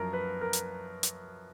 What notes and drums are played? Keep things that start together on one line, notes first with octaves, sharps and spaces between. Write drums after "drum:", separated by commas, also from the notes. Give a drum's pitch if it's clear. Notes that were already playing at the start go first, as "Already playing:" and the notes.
Already playing: F#2 F3 A#4
B4
A#4
drum: hi-hat
drum: hi-hat